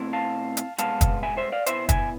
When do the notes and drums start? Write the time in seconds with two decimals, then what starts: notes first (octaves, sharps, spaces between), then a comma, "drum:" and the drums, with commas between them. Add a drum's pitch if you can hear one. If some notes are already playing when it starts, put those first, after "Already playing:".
Already playing: B2 A3 C4 E4
0.13 F5 A5
0.57 drum: hi-hat
0.78 C2 B2 G#3 B3 F5 A5, drum: hi-hat
1.01 drum: kick, hi-hat
1.23 E5 G#5
1.37 C5 E5
1.52 D5 F5
1.66 B2 B3 E4 C5 E5, drum: hi-hat
1.89 E5 G#5, drum: kick, hi-hat